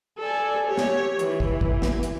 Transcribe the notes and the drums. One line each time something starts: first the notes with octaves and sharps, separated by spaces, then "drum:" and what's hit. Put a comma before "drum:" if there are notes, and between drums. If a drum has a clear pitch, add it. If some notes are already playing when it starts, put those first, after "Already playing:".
A4 D5 G#5
G4 C#5
drum: snare
E3, drum: hi-hat
drum: kick
drum: kick
drum: snare
drum: hi-hat